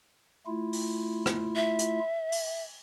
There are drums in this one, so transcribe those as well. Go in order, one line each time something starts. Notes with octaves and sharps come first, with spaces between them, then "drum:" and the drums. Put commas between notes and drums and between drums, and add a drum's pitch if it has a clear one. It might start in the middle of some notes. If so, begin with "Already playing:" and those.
A3 E4 F4
drum: open hi-hat
drum: rim click
E5
drum: hi-hat
drum: open hi-hat